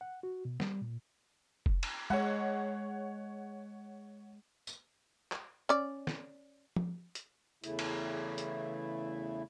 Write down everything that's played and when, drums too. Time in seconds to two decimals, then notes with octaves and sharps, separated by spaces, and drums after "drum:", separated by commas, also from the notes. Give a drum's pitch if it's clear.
0.01 F#5
0.23 F#4
0.45 B2
0.60 G3, drum: snare
0.82 A#2
1.66 drum: kick F1
1.83 drum: cymbal
2.10 G#3 C#5 F#5
4.67 drum: tambourine
5.32 drum: clap
5.69 C#4 D5
6.07 drum: snare
6.76 drum: tom
7.15 drum: hi-hat
7.64 E2 C#3 A3 E4, drum: hi-hat
7.79 drum: cymbal
8.38 drum: hi-hat